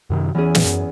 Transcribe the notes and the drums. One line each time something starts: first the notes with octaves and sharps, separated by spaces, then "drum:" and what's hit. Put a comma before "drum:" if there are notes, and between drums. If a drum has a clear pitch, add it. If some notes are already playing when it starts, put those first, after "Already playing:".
F#2 C3 D#3
E2 E3 C#4 G#4
drum: snare
F#2